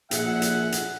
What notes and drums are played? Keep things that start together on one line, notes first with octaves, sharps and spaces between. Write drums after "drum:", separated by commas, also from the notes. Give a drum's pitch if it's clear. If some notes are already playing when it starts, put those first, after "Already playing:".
A#1 A#2 G#4 E5 F#5, drum: hi-hat
drum: hi-hat
drum: hi-hat